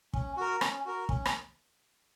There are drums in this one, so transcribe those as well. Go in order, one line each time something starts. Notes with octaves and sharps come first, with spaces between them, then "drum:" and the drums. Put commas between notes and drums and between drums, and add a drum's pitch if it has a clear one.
C#4, drum: kick
F#4 A#4
C#4, drum: rim click
F#4 A#4
C#4, drum: kick
drum: rim click